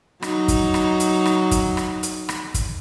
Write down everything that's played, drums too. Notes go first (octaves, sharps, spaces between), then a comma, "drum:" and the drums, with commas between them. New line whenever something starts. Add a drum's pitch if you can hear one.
F#3 D#4, drum: rim click
drum: kick, hi-hat
drum: rim click
drum: hi-hat
drum: rim click
drum: kick, hi-hat
drum: rim click
drum: hi-hat
drum: rim click
drum: kick, hi-hat